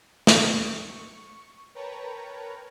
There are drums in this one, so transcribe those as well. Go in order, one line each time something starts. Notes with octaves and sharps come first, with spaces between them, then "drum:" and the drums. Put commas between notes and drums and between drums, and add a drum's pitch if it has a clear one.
drum: snare
C#6
A#4 B4 C#5 G5 A5 A#5